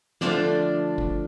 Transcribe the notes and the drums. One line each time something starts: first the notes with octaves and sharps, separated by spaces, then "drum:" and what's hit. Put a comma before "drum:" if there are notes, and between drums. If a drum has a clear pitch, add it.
D3 F3 A3 D4 D5, drum: snare
drum: kick